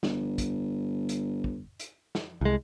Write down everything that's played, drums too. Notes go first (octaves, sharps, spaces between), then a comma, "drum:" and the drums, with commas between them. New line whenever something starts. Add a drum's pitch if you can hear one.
G1, drum: snare
drum: kick, hi-hat
drum: hi-hat
drum: kick
drum: hi-hat
drum: snare
C2 G#3